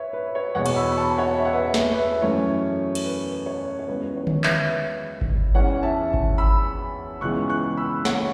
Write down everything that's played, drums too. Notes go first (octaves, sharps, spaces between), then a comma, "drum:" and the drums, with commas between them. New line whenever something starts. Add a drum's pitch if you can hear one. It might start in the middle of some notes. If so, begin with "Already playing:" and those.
Already playing: B4 C#5 E5
B4
C#5
E2 B2 B3 C#5 F#5
C#6, drum: cymbal
B5 E6
B5
A5 C#6
C#5 F#5
E5
F#5
B4 E5
drum: snare
B4 E5
F#2 E3 A3 C#4 C#5
drum: cymbal
B4
C#5
C#5
C#2 C#3 E3 B3 B4
C#5
drum: tom D3
B4 E5, drum: clap
drum: kick G#1
E2 E3 C#4 C#5 F#5
E5 A5
drum: kick G#1
B5 E6
C#2 C#3 E3 B3 C#6 F#6
C#6 F#6
B5 E6
C#5 F#5, drum: snare